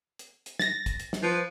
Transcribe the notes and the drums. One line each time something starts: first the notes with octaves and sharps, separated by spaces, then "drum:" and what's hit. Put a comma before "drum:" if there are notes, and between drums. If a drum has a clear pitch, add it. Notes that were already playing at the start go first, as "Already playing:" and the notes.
drum: hi-hat
drum: hi-hat
A6 A#6, drum: snare
drum: kick, hi-hat
drum: hi-hat
drum: snare
F3 B4